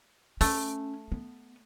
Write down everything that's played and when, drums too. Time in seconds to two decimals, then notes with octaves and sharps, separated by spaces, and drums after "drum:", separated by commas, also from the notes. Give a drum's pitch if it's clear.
0.41 A3 C#4, drum: open hi-hat
1.12 B3